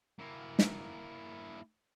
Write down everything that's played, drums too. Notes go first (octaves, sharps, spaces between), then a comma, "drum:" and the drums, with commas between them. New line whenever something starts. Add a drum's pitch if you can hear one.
A#3 E4
drum: snare